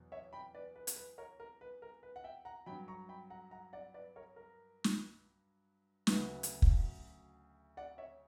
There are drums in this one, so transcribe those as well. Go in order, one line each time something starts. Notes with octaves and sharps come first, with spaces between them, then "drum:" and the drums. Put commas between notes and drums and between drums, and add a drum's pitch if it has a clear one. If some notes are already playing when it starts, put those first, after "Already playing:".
Already playing: E2 B2 F#3
C#5 E5
G5 B5
B4 D5
B4
drum: hi-hat
B4
A#4 C#5
A#4
B4
A#4
B4
F#5
E5 G5
F#5 A#5
G2 F#3 G5 B5
A#5 C#6
G5 B5
F#5 A#5
F#5 A#5
D5 F#5
B4 D5
A#4 C#5
A#4
drum: snare
D2 C#3 F#3 B4, drum: snare
drum: hi-hat
drum: kick
D5 F#5
C#5 E5